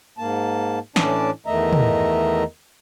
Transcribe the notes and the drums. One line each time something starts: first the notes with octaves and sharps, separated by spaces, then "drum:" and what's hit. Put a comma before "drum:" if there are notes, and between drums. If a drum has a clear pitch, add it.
G#2 A#3 A5
A2 E3 C#4 D4 D5 A5, drum: snare
E2 D#3 A3 D#5 E5 A#5
drum: tom